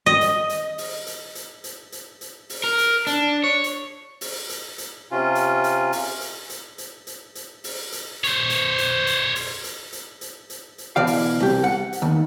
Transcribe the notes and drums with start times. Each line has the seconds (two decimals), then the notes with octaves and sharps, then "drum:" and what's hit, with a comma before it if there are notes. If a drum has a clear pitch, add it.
0.06 D#5
0.21 drum: hi-hat
0.49 drum: hi-hat
0.78 drum: open hi-hat
1.07 drum: hi-hat
1.35 drum: hi-hat
1.64 drum: hi-hat
1.92 drum: hi-hat
2.21 drum: hi-hat
2.49 drum: open hi-hat
2.64 A#4
2.78 drum: hi-hat
3.07 D4, drum: hi-hat
3.44 C#5
3.64 drum: hi-hat
4.21 drum: open hi-hat
4.50 drum: hi-hat
4.78 drum: hi-hat
5.11 C3 C#4 F4
5.35 drum: hi-hat
5.64 drum: hi-hat
5.92 drum: open hi-hat
6.21 drum: hi-hat
6.50 drum: hi-hat
6.78 drum: hi-hat
7.07 drum: hi-hat
7.35 drum: hi-hat
7.64 drum: open hi-hat
7.92 drum: hi-hat
8.24 C5 C#5, drum: hi-hat
8.50 drum: hi-hat
8.78 drum: hi-hat
9.07 drum: hi-hat
9.35 drum: open hi-hat
9.64 drum: hi-hat
9.93 drum: hi-hat
10.21 drum: hi-hat
10.50 drum: hi-hat
10.78 drum: hi-hat
10.96 B2 E3 D5 F5
11.07 drum: open hi-hat
11.40 C2 G4
11.64 F#5
11.93 drum: hi-hat
12.02 D#2